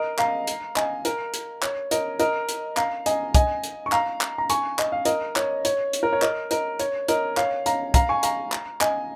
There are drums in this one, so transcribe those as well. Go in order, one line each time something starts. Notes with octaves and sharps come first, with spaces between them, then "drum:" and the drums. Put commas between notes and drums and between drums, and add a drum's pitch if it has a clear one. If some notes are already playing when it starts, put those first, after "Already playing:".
Already playing: A#4 D#5
F5 A#5, drum: clap
drum: hi-hat
D#5 G#5, drum: clap
A#4, drum: hi-hat
drum: hi-hat
C#5, drum: clap
A#4 D#5, drum: hi-hat
A#4 D#5, drum: hi-hat
drum: hi-hat
F5 A#5, drum: clap
D#5 G#5, drum: hi-hat
D#5 G#5, drum: kick, hi-hat
drum: hi-hat
C#6
F5 A#5, drum: clap
drum: clap
A#5
G#5 C#6, drum: hi-hat
D#5, drum: clap
F5
A#4 D#5, drum: hi-hat
C#5, drum: clap
C#5, drum: hi-hat
drum: hi-hat
A#4
C#5
A#4 D#5, drum: clap
A#4 D#5, drum: hi-hat
C#5, drum: hi-hat
A#4 D#5, drum: hi-hat
C#5 F5, drum: clap
F5 A#5, drum: hi-hat
F5 A#5, drum: kick, hi-hat
G#5 C#6
F5 A#5, drum: hi-hat
drum: clap
D#5 G#5, drum: clap